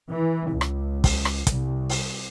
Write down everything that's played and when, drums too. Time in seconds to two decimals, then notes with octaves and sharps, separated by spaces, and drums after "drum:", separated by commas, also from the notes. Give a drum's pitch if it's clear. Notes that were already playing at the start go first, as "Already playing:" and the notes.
0.10 E3
0.51 C#2
0.61 drum: rim click
1.04 drum: kick, open hi-hat
1.25 drum: rim click
1.47 C2, drum: kick, hi-hat
1.89 drum: open hi-hat